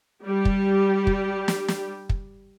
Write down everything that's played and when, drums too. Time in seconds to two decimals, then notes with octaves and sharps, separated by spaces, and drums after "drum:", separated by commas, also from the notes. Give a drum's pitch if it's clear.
0.25 G3 G4
0.45 drum: kick
1.07 drum: kick
1.48 drum: snare
1.68 drum: snare
2.09 drum: kick